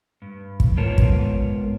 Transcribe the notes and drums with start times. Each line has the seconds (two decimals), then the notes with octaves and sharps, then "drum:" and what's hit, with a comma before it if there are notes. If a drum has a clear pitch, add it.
0.22 G2
0.60 drum: kick
0.77 G#2 B3 F4 A#4 C#5 A5
0.98 drum: kick